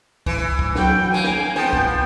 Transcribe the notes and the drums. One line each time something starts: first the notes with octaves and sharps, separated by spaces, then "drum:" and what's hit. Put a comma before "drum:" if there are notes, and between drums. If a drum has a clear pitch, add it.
E3, drum: kick
drum: kick
F#3 G5, drum: snare
A#3 G#5
drum: snare
F3 B3 G5, drum: snare
drum: kick